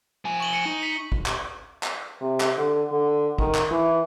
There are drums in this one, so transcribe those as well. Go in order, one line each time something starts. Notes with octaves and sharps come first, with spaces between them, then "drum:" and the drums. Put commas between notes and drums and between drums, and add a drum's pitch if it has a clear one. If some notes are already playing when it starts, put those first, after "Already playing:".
F3 G#5
C#6 F#7 G7
C#7 D#7
D#4
B6
drum: kick
drum: clap
drum: clap
C3
drum: clap
D3
D3
D#3, drum: kick
drum: clap
E3